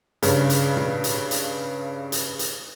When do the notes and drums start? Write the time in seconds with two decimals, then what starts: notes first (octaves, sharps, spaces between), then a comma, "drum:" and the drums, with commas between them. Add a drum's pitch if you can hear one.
0.22 G2 C#3, drum: hi-hat
0.50 drum: hi-hat
0.77 drum: tom
1.04 drum: hi-hat
1.31 drum: hi-hat
2.12 drum: hi-hat
2.39 drum: hi-hat